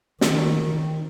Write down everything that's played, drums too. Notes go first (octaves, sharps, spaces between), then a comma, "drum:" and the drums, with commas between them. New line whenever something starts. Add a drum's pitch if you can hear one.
D#3, drum: snare